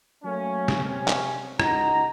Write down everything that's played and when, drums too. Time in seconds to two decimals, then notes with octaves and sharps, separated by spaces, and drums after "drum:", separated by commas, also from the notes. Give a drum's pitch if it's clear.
0.24 F#3 A3 A#3 C#4
0.68 drum: snare
0.83 C3 C#4
1.08 drum: clap
1.60 C#2 D#4 F#4 A#5, drum: rim click